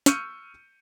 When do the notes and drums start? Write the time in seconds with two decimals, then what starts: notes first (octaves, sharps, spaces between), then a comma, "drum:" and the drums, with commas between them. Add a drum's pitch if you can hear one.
0.06 C#6 E6 F6 G6 C#7 D#7, drum: snare